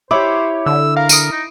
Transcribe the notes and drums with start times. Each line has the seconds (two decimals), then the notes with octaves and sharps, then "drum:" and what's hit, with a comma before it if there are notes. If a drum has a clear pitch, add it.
0.11 E4 G4 C5 C#5 D6
0.66 D3 E6
0.97 A#4 F5
1.09 D#6 D7 D#7, drum: tambourine
1.32 D#4